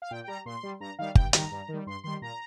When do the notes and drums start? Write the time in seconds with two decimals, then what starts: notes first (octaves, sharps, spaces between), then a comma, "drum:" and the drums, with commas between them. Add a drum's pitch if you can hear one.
0.02 F5
0.11 A#2 G5
0.24 G5
0.28 G3 A#5
0.46 A#2 C6
0.63 G3
0.80 G2 A#5
0.99 D#3 G3 F5
1.15 G2 G5, drum: kick G1
1.33 D#3 G3 A#5, drum: hi-hat
1.51 G2
1.68 D#3
1.74 G3
1.86 G2 C6
2.03 D#3 G3 C6
2.22 A#2 A#5